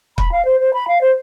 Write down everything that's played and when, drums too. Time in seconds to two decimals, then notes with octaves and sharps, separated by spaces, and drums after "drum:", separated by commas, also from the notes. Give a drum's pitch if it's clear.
0.18 B5, drum: kick
0.32 F5
0.45 C5
0.60 C5
0.74 B5
0.88 F5
1.01 C5